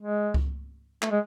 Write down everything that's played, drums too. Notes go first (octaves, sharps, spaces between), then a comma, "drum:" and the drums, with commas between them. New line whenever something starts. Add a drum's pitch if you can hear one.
G#3
drum: kick C#2
A3, drum: clap
G#3